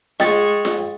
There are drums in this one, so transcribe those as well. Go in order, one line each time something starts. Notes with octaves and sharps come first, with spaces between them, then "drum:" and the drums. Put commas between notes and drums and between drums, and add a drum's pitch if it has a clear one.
G#3 D#5 G5 C#6 A6, drum: snare F4
drum: snare F4